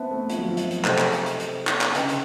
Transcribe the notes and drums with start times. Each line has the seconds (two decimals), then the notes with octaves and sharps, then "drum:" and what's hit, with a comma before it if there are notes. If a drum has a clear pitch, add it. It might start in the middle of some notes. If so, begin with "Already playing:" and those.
Already playing: B3 C4 C5 E5 A5
0.11 A3
0.29 F3, drum: hi-hat
0.39 F#3
0.48 F3
0.57 drum: hi-hat
0.71 drum: hi-hat
0.84 C3 A4 C5 D#5 G5, drum: clap
0.98 drum: clap
1.12 drum: hi-hat
1.26 drum: hi-hat
1.40 drum: hi-hat
1.67 drum: clap
1.81 drum: clap
1.95 C#3 B4 D#5 G5, drum: hi-hat
2.09 drum: hi-hat